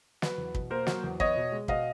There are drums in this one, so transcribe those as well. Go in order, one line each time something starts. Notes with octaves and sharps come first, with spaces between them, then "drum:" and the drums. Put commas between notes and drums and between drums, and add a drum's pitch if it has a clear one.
F#3 B4, drum: snare
E2
B2, drum: kick
A#3 A#4 C5
F#3, drum: snare
E2
B3 C#5 D#5, drum: kick
B2
G#3
B2 D#5 F5, drum: kick